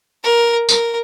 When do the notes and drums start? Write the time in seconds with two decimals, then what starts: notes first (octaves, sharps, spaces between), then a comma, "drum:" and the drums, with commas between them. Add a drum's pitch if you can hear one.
0.23 A#4
0.69 A#4, drum: tambourine